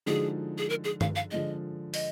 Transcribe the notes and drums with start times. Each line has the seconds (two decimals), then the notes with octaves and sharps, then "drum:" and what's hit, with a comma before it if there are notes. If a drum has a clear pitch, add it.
0.06 D3 F3 G#3 D#4 F#4 G#4
0.58 G#4
0.70 A#4
0.84 G#4
1.01 F5, drum: tom G2
1.16 F5
1.31 D3 F3 G#3 D#5
1.94 D#5, drum: open hi-hat